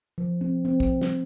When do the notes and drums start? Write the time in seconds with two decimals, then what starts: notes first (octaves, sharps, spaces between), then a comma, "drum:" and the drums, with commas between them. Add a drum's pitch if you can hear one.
0.18 F3
0.41 C4
0.65 C4
0.80 drum: kick
1.02 drum: snare